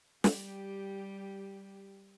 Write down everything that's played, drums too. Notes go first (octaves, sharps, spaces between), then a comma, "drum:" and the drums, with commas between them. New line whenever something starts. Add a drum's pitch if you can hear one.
G3 G4, drum: snare